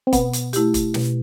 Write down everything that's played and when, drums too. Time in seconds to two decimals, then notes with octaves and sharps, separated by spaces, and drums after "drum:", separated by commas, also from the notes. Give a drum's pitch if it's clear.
0.07 C4
0.13 B2 B3, drum: kick E1, hi-hat
0.33 drum: hi-hat
0.53 A3 E4 G4, drum: hi-hat
0.74 drum: kick E1, hi-hat
0.94 B2, drum: snare